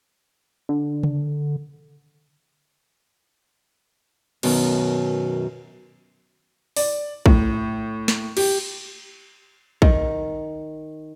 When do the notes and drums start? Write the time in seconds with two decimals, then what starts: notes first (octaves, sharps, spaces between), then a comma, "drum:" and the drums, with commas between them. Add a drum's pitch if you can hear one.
0.69 D3
1.03 drum: tom C#3
4.43 F#2 B2 D#3, drum: cymbal
6.76 D5, drum: open hi-hat
7.26 A2, drum: kick A#1
8.08 drum: snare
8.37 G4, drum: cymbal
9.82 D#3, drum: kick A#1